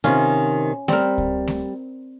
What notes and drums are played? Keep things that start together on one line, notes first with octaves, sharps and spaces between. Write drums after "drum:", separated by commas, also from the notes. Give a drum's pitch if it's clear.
C3 D#3 C#4 F4
G3 C4 A#4, drum: snare A3
drum: kick C#2
drum: snare A3